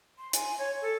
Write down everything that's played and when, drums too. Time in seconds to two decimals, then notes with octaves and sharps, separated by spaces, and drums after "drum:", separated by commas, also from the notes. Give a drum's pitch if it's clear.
0.19 C6
0.33 G#5, drum: hi-hat
0.58 C#5
0.82 A4